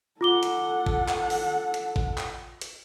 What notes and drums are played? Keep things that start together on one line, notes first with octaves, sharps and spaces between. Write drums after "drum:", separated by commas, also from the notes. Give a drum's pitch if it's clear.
F4 A4 F#5 D6 G7
drum: hi-hat
drum: kick
drum: clap
drum: open hi-hat
drum: hi-hat
drum: kick
drum: clap
drum: hi-hat